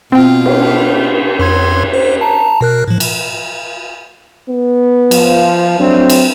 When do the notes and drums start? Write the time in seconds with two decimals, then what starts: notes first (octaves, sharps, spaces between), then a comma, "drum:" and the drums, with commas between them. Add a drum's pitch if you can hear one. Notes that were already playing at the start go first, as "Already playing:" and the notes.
0.12 B2 C4 F4 G5
0.46 drum: cymbal
1.39 F2 C6 G#6
1.93 C5
2.21 A5 A#5
2.61 B2 A#4 F#6
2.88 A2 F3
3.00 drum: cymbal
4.48 B3
5.11 F3, drum: cymbal
5.79 F#3 A3 C4 D4
6.10 drum: cymbal